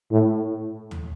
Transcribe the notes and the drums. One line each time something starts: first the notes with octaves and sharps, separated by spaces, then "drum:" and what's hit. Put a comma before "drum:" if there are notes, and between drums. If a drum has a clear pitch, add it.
A2
drum: tom